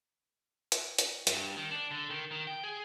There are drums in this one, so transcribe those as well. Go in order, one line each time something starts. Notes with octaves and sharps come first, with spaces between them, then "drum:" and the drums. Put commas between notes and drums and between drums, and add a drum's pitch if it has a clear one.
drum: hi-hat
drum: hi-hat
G2, drum: hi-hat
D#3
D4
D3
D#3
D#3
G5
G#4